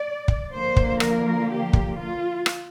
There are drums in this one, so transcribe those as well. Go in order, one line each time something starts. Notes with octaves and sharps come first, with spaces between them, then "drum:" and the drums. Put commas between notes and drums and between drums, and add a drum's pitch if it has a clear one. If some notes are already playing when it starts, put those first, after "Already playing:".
Already playing: D5
drum: kick
D3 F3 A#3 C5
drum: kick
A#4, drum: rim click
G4
drum: kick
F4
drum: rim click